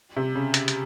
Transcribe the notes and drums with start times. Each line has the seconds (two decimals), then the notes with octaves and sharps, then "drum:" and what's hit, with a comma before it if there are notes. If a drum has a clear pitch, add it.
0.17 C3
0.35 C#3
0.54 drum: hi-hat
0.68 drum: hi-hat